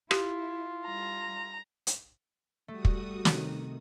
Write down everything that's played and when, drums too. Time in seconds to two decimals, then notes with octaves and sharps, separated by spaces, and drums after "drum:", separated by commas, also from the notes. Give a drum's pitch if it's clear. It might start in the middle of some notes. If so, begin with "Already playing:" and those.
0.11 E4 F4 G4, drum: rim click
0.86 G3 A#5
1.87 drum: hi-hat
2.68 G3 A3 F#4 D#6
2.85 drum: kick
3.25 C3 D#3, drum: snare